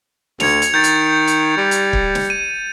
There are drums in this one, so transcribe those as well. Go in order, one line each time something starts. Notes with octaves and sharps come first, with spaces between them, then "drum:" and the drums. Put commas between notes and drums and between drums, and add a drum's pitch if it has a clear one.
D2 G#6 C#7 F7, drum: snare
drum: hi-hat
D#3 G6 A6
drum: hi-hat
drum: hi-hat
G3
drum: hi-hat
drum: kick
drum: snare
D#7